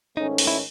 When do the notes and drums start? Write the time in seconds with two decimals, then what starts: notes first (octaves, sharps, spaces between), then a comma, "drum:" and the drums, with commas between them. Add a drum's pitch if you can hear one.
0.17 G#2 D#3 A3 C#4 D#4
0.38 drum: open hi-hat
0.47 E4